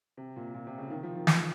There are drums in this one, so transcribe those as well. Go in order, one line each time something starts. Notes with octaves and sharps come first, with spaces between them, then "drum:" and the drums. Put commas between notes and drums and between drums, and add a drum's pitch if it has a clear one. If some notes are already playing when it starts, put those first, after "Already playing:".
C3
A#2
A#2
C3
C#3
D#3
F3
D#3
drum: snare